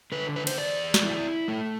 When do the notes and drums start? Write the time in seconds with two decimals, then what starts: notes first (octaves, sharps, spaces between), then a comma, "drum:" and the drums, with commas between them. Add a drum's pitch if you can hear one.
0.12 D3 B4
0.36 B4
0.47 C5, drum: cymbal
0.58 E2 D5
0.94 drum: snare
1.03 E4
1.48 A3